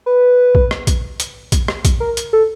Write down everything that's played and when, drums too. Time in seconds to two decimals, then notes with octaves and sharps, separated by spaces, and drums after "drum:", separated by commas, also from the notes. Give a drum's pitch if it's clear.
0.06 B4
0.55 drum: kick
0.71 drum: rim click
0.87 drum: kick, hi-hat
1.20 drum: hi-hat
1.52 drum: kick, hi-hat
1.68 drum: rim click
1.85 drum: kick, hi-hat
2.00 A#4
2.17 drum: hi-hat
2.33 A4